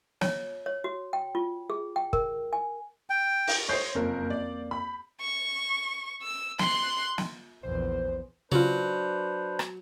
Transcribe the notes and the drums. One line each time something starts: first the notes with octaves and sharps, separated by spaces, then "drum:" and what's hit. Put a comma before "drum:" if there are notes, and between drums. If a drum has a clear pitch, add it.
C#5, drum: snare
C#5
F#4
G5
F4
G#4
G5
A#4, drum: kick
G#5
G5
drum: open hi-hat
C5 C#5 D#6 G6 C7
F#1 F2 A#3 A#4
D5
B5
C#6
E6
C6 F#6, drum: snare
drum: snare
A#1 E2 C5
C#3 F#3 D4 F4 B4 C5
drum: rim click